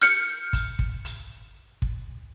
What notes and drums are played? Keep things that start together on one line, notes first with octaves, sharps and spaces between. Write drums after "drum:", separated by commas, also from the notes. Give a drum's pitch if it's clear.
F6 G6 C#7, drum: hi-hat
drum: kick, hi-hat
drum: kick
drum: hi-hat
drum: kick